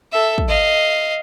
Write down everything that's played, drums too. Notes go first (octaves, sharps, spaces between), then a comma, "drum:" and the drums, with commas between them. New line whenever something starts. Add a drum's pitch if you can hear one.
A4 E5
drum: kick
D#5 F5